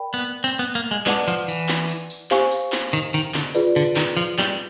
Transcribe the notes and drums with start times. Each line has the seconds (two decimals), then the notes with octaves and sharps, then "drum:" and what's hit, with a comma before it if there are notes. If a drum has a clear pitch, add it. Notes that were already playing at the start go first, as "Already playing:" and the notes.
Already playing: A#4 D5 G5 B5
0.14 B3
0.44 C4, drum: tambourine
0.59 B3
0.75 A#3
0.91 G#3
1.06 G#3 B4 D5 F#5 A5 D6, drum: clap
1.28 F3, drum: tambourine
1.48 E3, drum: tambourine
1.69 drum: clap
1.89 drum: tambourine
2.10 drum: tambourine
2.31 G4 C5 F5 G#5 C#6, drum: clap
2.51 drum: tambourine
2.72 drum: clap
2.93 D#3, drum: tambourine
3.14 D#3, drum: tambourine
3.34 D3, drum: clap
3.55 F4 G#4 B4 D5, drum: tambourine
3.76 D3, drum: tambourine
3.96 D#3, drum: clap
4.17 F3, drum: tambourine
4.39 G3, drum: clap